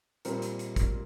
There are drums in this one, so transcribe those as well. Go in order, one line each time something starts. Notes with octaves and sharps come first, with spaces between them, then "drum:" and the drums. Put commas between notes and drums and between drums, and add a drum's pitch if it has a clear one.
A#2 G3 C4 A#4, drum: hi-hat
drum: hi-hat
drum: hi-hat
drum: kick, hi-hat